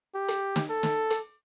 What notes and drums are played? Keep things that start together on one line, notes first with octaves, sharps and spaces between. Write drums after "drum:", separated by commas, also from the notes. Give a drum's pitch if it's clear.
G4
drum: hi-hat
drum: snare
A4
drum: snare
drum: hi-hat